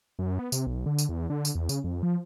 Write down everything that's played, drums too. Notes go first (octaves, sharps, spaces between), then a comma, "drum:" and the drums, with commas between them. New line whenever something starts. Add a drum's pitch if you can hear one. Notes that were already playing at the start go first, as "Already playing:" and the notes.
F#2
B3
C3, drum: tambourine
B1
D3
drum: tambourine
E2
D3
drum: tambourine
E2
C#3, drum: tambourine
F2
F3